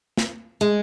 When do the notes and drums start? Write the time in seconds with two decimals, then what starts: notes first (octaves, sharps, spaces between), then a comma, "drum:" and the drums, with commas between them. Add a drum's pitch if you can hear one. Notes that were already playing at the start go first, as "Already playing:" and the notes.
0.17 drum: snare
0.61 G#3